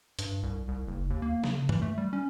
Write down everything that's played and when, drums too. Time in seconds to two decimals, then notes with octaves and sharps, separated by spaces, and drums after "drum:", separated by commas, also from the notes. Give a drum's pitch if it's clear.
0.19 G2, drum: hi-hat
0.43 C2
0.68 C2
0.87 F#1
1.10 D#2
1.22 A#3
1.44 C#3, drum: snare
1.69 E3, drum: tom
1.82 A3
1.98 G3
2.13 C#4